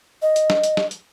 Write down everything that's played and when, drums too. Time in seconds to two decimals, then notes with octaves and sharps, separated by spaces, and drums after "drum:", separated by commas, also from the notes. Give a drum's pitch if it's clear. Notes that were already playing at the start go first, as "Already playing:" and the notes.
0.22 D#5
0.36 drum: hi-hat
0.50 drum: snare
0.64 drum: hi-hat
0.77 drum: snare
0.91 drum: hi-hat